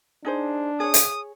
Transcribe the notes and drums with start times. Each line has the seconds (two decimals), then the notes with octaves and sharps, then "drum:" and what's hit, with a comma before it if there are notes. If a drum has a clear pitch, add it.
0.25 D4 D#4 G#4 C5
0.80 G#4 C#5 D#6
0.94 drum: hi-hat